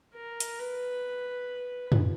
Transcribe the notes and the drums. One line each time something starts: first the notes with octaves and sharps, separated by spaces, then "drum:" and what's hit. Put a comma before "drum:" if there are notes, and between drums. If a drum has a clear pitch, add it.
A#4
drum: hi-hat
B4
drum: tom